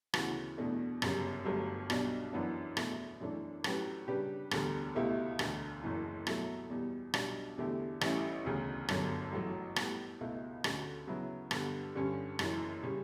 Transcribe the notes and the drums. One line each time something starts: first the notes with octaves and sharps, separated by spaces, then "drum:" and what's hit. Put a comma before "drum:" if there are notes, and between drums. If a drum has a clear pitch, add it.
D2 C#3 E3 B3 F#4, drum: rim click
E2 B2 A3 D4
G1 F#2 C#3 G3, drum: rim click
G1 G2 F#3 A3
B1 B2 G3 D4, drum: rim click
F#2 E3 B3 D4
E2 B2 A3 E4, drum: rim click
F#2 E3 A3 D4
A2 F#3 C#4 G4 B4, drum: rim click
C#3 G3 D4 G4 B4
E1 D2 D3 G3, drum: rim click
C#2 B2 A3 E4 G4
E1 D2 D3, drum: rim click
F#1 F#2 E3
B2 F#3 A3 E4 A4, drum: rim click
E2 B2 G3
B1 B2 G3 D4, drum: rim click
E2 D3 A3 E4 G4
A1 A2 G3 C#4 E4, drum: rim click
E1 D2 C#3
G1 F#2 D3 F#3, drum: rim click
A1 A2 F#3 A3
A2 G3 B3, drum: rim click
C#2 B2 A3 E4
D2 D3 A3 C#4 F#4, drum: rim click
C#3 F#3 B3 E4
G2 D3 G3 B3, drum: rim click
G2 D3 G3 C#4
F#1 F#2 E3, drum: rim click
C#3 G3 C#4